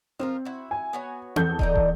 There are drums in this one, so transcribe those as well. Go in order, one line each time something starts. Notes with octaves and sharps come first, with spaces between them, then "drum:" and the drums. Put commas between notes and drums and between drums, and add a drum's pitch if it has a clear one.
F3 C4 F4 A#4
E4 F#4
G#5
B3 F#4 C#5
E2 F#4 A4 G6, drum: tom C4
D#4 D5 A#5, drum: kick
drum: kick